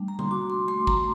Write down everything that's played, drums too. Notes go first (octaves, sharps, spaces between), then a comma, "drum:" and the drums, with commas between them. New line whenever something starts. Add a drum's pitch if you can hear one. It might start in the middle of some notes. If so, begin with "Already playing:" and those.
Already playing: G3 A3 D4
A#5
C6, drum: tom
F#4 D6
C6
A3 C6
A#5, drum: kick G#1